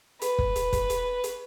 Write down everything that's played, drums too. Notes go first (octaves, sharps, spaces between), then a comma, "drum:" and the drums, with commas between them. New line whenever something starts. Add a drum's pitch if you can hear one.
B4, drum: hi-hat
drum: kick
drum: hi-hat
drum: kick, hi-hat
drum: hi-hat
drum: hi-hat